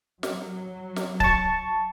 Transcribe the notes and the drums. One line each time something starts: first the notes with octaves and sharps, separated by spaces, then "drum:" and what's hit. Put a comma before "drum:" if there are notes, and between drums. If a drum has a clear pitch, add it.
F#3, drum: snare
drum: snare
A5 C#6, drum: kick C#1